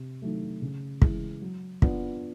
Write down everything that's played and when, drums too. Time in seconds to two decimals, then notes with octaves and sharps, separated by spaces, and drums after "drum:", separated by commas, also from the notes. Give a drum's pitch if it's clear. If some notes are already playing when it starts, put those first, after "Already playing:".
Already playing: C3
0.22 D#3 F#3 A3
0.62 C#3
1.02 E3 G#3, drum: kick
1.42 F#3
1.82 B3 D4 F4, drum: kick